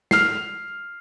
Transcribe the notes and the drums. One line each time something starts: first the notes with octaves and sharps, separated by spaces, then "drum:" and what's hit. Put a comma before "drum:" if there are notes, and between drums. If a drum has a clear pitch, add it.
F6 C7, drum: snare